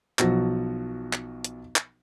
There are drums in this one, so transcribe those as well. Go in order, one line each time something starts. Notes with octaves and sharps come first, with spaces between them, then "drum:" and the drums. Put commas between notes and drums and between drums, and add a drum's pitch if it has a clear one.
B1 F3 F#3 F#4 E6 A#6, drum: clap
drum: clap
drum: hi-hat
drum: clap